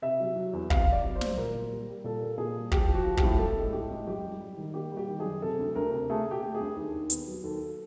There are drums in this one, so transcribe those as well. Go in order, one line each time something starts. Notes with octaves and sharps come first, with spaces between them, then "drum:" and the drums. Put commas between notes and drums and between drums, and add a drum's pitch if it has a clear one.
C3 E5
F#3
F#3
E2
C3 F5, drum: kick
C3
D5
F#3
C5
F#3, drum: snare
A#2 A#4
A#2
G3
G3
A#2 A4
A#3
A#2 G#4
G3
F3 G4, drum: kick
F3
F#4
F3
G4, drum: kick
A2
A2 A4
G#3
A2 G4
G#3
F#2 G4
G3
G3
D#3
A#3 G4
G3
G4
D#3
F#2 G#4
C3 A4
D2
D2 A#4
C3
A3 G#4
A3 G4
A3
G#4
D2
D#2
D#2
B3, drum: hi-hat
F#3
D#2 A4